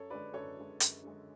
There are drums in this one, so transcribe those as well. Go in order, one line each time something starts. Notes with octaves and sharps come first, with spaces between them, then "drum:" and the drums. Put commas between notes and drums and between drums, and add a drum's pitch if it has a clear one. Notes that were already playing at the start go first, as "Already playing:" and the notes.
Already playing: F#2 A4 C#5
D3 G#3 B4 D5
F#2 A4 C#5
D3 G#3
F#2, drum: hi-hat
D3 G#3